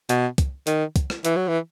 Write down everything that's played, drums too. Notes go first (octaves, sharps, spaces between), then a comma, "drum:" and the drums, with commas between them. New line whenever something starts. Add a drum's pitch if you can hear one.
B2, drum: hi-hat
drum: kick, hi-hat
D#3, drum: hi-hat
drum: kick, hi-hat
drum: rim click
E3, drum: hi-hat
F#3
E3